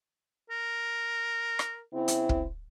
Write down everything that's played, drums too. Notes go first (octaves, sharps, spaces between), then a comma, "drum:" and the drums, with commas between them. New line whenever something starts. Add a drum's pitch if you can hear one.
A#4
drum: rim click
C#3 C4 E4
drum: hi-hat
drum: kick